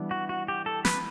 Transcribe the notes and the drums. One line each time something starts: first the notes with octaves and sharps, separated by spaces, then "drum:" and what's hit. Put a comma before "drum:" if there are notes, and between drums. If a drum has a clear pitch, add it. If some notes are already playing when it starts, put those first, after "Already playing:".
Already playing: E3 G3 B3 D4
F#4
F#4
G4
A4
B4, drum: snare